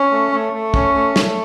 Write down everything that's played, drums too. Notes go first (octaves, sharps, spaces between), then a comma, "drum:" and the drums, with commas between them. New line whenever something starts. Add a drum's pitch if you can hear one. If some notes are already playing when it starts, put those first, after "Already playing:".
Already playing: C#4
A3
A3
A3
C#4, drum: kick
A3
A3, drum: snare